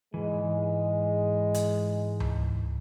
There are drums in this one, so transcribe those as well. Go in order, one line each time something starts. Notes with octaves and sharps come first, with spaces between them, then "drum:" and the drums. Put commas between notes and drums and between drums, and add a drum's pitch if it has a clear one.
G#2 E3 G#3
drum: hi-hat
drum: tom C#2